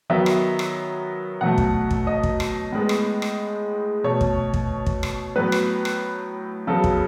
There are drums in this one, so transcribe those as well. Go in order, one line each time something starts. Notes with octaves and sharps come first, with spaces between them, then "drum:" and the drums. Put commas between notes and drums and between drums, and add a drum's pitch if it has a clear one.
D#3 F#3 B3 E5
drum: rim click
drum: rim click
B2 F#3 A3 F#5
drum: kick
drum: kick
D#5
drum: kick
drum: rim click
A2 G#3 B3
drum: rim click
drum: rim click
B2 A3 C#5
drum: kick
drum: kick
drum: kick
drum: rim click
A2 F#3 B3 B4
drum: rim click
drum: rim click
C#3 F#3 B3 A4
drum: kick